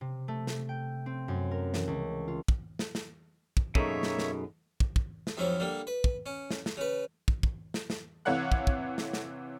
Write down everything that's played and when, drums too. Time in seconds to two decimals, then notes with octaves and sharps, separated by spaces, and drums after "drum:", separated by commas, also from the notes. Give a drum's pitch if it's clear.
0.01 C3
0.28 A3
0.47 drum: snare
0.69 G5
1.06 C4
1.28 F#2
1.51 A#4
1.74 E3, drum: snare
1.88 C#2
2.28 F4
2.48 drum: kick
2.79 drum: snare
2.95 drum: snare
3.57 drum: kick
3.75 F#2 B2 A#3 D#4 G#4 A4 C#5 E5, drum: kick
4.03 drum: snare
4.19 drum: snare
4.80 drum: kick
4.96 drum: kick
5.27 drum: snare
5.37 F2 G#2 F3 F#3 E4
5.60 D3 G3 A#3
5.87 B4
6.04 drum: kick
6.26 C#4
6.51 drum: snare
6.66 drum: snare
6.77 C#3 B4
7.28 drum: kick
7.43 drum: kick
7.74 drum: snare
7.90 drum: snare
8.25 C3 E3 C#5 F5 F#5 F#6
8.52 drum: kick
8.67 drum: kick
8.98 drum: snare
9.13 drum: snare